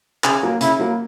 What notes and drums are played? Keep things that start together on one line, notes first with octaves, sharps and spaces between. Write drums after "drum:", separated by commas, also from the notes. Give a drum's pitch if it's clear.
C#3 G#4, drum: clap
F#3 A#3
C#3 E4, drum: hi-hat
F#3 A#3